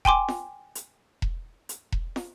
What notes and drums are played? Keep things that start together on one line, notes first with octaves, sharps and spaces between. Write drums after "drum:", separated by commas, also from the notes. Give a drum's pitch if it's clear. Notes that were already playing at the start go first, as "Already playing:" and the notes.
G5 G#5 C6 D6, drum: kick E1
drum: snare
drum: hi-hat
drum: kick E1
drum: hi-hat
drum: kick E1
drum: snare